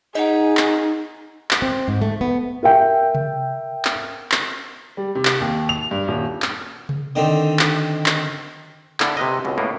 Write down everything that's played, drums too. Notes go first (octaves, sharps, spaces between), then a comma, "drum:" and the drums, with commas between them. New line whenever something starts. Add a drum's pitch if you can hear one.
D#4 G#4 D#5 F#5
drum: clap
drum: clap
C4
G#2
A3
B3
A#4 E5 G5
drum: tom C3
drum: clap
drum: clap
G3
C3
drum: clap
D#2
F7
G2
D#1
drum: clap
drum: tom C3
D3 D#3 C4
drum: clap
drum: clap
D3 E4 A4, drum: clap
C3 B4 D#5
C#2 B2
A2 A#3 B3